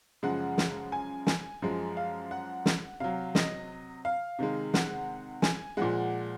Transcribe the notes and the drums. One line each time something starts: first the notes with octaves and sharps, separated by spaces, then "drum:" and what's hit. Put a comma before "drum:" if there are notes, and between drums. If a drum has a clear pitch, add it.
F#2 C#3 F3 G#3 F#5
drum: snare
G#5
G#5, drum: snare
F#2 F3 G#3
F5
F#5
drum: snare
C3 F#3 F5
D#5, drum: snare
F5
C3 D#3 G#3
F#5, drum: snare
G#5, drum: snare
A#2 F3 G#3 F#5